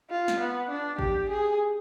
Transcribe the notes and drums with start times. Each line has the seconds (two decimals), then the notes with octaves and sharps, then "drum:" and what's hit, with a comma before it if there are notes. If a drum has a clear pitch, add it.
0.11 F4
0.28 drum: snare
0.40 B3
0.70 D4
0.99 G4, drum: kick A1
1.29 G#4